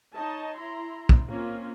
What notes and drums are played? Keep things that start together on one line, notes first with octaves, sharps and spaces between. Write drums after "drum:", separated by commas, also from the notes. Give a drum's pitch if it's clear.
D#4 C#5 D#5 A5
E4 A#5 C6
drum: kick
A#3 C4 C#4 F4